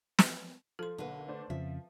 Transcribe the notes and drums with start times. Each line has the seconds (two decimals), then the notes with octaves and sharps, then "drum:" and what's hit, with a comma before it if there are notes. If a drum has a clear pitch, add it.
0.19 drum: snare
0.79 F3 A4 C6
0.98 B1 D3 A#3 B4
1.28 A3 D4 C5
1.50 F2 C#3 F3 E5